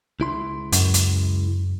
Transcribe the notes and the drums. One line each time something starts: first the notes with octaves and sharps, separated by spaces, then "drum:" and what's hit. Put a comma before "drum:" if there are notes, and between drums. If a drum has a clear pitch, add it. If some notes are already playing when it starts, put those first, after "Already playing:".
C#2 E4 C6
F#2, drum: hi-hat
drum: hi-hat